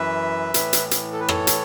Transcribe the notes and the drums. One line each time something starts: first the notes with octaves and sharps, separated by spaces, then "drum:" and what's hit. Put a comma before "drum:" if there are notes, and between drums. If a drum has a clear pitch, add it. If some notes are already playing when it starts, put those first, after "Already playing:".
Already playing: F#2 E3 B4 E5
A2 E3, drum: hi-hat
drum: hi-hat
drum: hi-hat
A4
B4
A4 C#5, drum: rim click
drum: hi-hat